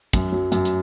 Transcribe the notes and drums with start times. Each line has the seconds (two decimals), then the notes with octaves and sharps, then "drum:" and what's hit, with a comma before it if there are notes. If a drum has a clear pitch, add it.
0.13 F#2, drum: kick, hi-hat
0.32 F#3
0.52 F#2, drum: hi-hat
0.65 drum: hi-hat